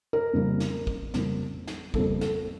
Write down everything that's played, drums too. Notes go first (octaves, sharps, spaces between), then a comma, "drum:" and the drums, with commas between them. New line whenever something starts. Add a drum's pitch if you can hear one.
A#4
F2 C#3 G3 A#3
drum: snare
drum: kick
F2 C#3 G3 A#3, drum: snare
drum: snare
F2 C#3 G3 A#3 A4, drum: kick
A4, drum: snare